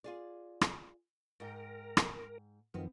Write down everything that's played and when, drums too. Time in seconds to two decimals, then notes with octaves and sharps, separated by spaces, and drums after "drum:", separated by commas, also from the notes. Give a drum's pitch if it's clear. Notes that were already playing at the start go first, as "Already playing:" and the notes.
0.04 F4 G#4 D5
0.61 drum: rim click
1.40 G#2 A#4 G5
1.97 drum: rim click
2.74 F#2 D#3 F3 B3 C4